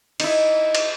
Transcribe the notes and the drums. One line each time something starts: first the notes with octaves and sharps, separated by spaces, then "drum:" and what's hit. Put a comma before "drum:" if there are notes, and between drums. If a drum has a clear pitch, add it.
D#4 E4, drum: cymbal
drum: cymbal